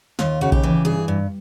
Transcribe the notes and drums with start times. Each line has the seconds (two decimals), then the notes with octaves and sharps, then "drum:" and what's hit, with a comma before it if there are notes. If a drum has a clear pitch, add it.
0.19 D#2 F4, drum: snare
0.41 C#3 F#4
0.52 G4, drum: kick A#1
0.63 E3
0.85 G2 G#4
1.08 G2